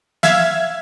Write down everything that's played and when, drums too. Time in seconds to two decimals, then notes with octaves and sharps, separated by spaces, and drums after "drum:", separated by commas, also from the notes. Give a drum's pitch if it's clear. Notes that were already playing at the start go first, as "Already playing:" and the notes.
0.23 E5 F5 G#6, drum: snare